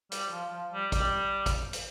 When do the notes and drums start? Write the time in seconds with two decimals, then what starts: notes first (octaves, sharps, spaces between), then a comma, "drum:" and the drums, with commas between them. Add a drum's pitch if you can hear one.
0.12 G3, drum: hi-hat
0.31 F3
0.52 F3
0.72 G3
0.92 G3, drum: kick A1, hi-hat
1.46 drum: kick A1, hi-hat
1.73 drum: hi-hat